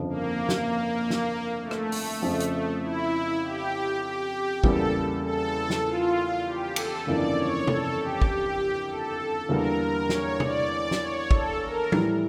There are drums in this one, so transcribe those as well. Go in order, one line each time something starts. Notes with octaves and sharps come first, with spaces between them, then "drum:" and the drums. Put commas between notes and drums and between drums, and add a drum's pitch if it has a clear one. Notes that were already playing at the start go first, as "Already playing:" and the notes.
Already playing: G1 F2 C#3 F3
A#3
drum: snare
drum: snare
A3
drum: rim click
drum: open hi-hat
F2 C#3 F3
drum: hi-hat
E4
G4
G4
E2 C#3 G3 A#3 A4, drum: kick
A4
drum: snare
F4
G4
A4, drum: cymbal
G1 F2 C#3 E3 A#3 D5
C#5
A4, drum: tom
G4
drum: kick
A4
E2 D3 G3 A#3 A#4
A#4
C#5, drum: snare
D5, drum: tom
D5
drum: snare
C#5
A4, drum: kick
A#4
A2 E3 G3, drum: tom F3